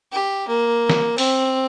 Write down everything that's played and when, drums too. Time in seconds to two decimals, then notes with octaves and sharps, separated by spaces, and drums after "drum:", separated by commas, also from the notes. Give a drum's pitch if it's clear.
0.12 G4
0.48 A#3
0.90 drum: snare
1.18 C4, drum: open hi-hat